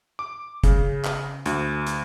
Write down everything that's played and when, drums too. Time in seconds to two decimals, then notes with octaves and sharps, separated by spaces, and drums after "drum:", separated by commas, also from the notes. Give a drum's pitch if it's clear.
0.19 D6
0.64 C#3, drum: kick, hi-hat
1.05 drum: clap
1.46 D2, drum: hi-hat
1.87 drum: hi-hat